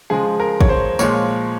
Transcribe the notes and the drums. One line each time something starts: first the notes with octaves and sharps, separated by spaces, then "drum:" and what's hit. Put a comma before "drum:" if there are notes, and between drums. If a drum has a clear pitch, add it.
C#3 F3 G#3 G#4
A#4
C#5, drum: kick
C5
A#2 F3 G#3 C#5, drum: tambourine